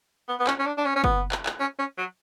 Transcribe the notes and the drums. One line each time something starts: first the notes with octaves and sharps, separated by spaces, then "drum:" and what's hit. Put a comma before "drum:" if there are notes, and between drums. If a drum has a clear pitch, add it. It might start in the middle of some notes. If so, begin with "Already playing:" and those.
B3
B3
C#4, drum: clap
C#4
D4
D4
C#4
C#4
B3, drum: kick F#1
drum: clap
drum: clap
C#4
C#4
F#3